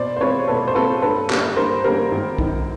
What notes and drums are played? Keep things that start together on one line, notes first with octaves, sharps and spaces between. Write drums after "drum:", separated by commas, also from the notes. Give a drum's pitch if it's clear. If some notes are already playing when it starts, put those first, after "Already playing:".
Already playing: B2 C5 D5
C5
G#3 C4 F4 B4 C#5
B2 A4 B4
C5
G#3 C4 F4 A4 B4
G2 A4 B4
D3 G3 A#3 C#4, drum: clap
G2 A#4 C5
D3 G3 A#3 C#4 A#4 C5
G#1
F#2 D#3, drum: kick